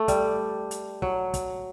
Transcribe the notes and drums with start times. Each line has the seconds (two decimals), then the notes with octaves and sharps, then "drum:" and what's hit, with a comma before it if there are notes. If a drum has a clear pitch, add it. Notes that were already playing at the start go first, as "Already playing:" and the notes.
Already playing: A3
0.08 G3, drum: kick, hi-hat
0.71 drum: hi-hat
1.02 F#3, drum: kick
1.34 drum: kick, hi-hat